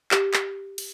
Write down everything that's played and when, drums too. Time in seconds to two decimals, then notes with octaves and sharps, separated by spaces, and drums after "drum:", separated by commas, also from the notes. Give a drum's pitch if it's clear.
0.11 G4, drum: clap
0.34 drum: clap
0.78 drum: cymbal